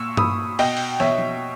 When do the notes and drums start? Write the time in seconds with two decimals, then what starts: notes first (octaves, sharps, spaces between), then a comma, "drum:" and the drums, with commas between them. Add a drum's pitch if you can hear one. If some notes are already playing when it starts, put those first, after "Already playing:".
Already playing: A#2 C#6 E6
0.17 A#2 B5 D#6, drum: tom G2
0.59 B2 D#5 G5, drum: open hi-hat
0.77 drum: open hi-hat
1.00 B2 C#5 E5, drum: snare
1.18 drum: tom F3